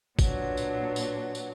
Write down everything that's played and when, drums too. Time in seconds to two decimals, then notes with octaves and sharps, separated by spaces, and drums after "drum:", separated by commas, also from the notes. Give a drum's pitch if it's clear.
0.19 A#2 F#3 B3 D4, drum: kick, tambourine
0.57 drum: tambourine
0.96 drum: tambourine
1.35 drum: tambourine